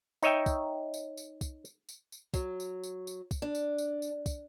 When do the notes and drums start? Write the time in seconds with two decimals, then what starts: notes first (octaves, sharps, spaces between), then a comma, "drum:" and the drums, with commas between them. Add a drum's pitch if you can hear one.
0.23 D#4 C#5 D#5 E5 G5, drum: tambourine
0.46 drum: kick, tambourine
0.94 drum: tambourine
1.17 drum: tambourine
1.41 drum: kick, tambourine
1.65 drum: tambourine
1.89 drum: tambourine
2.12 drum: tambourine
2.34 F#3, drum: kick, tambourine
2.60 drum: tambourine
2.83 drum: tambourine
3.07 drum: tambourine
3.31 drum: kick, tambourine
3.42 D4
3.55 drum: tambourine
3.78 drum: tambourine
4.02 drum: tambourine
4.26 drum: kick, tambourine